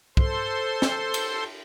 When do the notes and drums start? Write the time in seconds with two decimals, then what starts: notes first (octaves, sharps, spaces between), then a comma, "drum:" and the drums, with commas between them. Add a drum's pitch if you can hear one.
0.17 A4 C5 C6, drum: kick
0.82 drum: snare
1.14 drum: cymbal